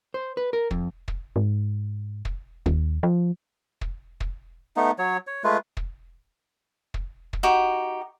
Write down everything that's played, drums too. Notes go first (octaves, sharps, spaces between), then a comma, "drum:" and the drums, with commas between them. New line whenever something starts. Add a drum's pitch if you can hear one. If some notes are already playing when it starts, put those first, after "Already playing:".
C5
B4
A#4
F2, drum: kick
drum: kick
G#2
drum: kick
D#2, drum: kick
F3
drum: kick
drum: kick
A3 B3 D#4
F#3 C#5
C#5
G#3 A3 F4 B4
drum: kick
drum: kick
drum: kick
D#4 F#4 G4